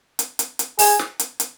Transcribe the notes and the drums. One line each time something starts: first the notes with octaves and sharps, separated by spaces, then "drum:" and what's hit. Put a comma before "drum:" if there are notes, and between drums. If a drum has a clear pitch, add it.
drum: hi-hat
drum: hi-hat
drum: hi-hat
G#4, drum: open hi-hat
drum: snare
drum: hi-hat
drum: hi-hat